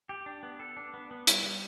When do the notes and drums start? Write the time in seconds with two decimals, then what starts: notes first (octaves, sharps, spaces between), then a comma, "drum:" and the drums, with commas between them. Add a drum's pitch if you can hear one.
0.09 G4
0.26 D4
0.43 B3
0.60 A4
0.77 D4
0.94 B3
1.11 B3
1.27 G3, drum: hi-hat
1.44 G3